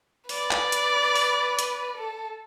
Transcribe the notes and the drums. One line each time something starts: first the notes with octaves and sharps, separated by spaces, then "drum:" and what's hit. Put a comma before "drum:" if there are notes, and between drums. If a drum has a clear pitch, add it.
B4 D5, drum: open hi-hat
drum: clap
drum: hi-hat
drum: open hi-hat
drum: hi-hat
A4